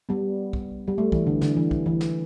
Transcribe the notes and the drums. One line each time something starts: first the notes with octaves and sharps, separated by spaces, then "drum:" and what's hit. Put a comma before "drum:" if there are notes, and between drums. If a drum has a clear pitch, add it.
G3 B3
drum: kick
G3
A3
E3, drum: kick
D3
D3, drum: snare
E3
drum: kick
E3
drum: snare